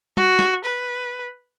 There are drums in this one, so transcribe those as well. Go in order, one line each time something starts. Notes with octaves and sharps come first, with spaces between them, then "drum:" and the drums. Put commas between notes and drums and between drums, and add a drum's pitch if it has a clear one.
F#4, drum: tom
drum: snare
B4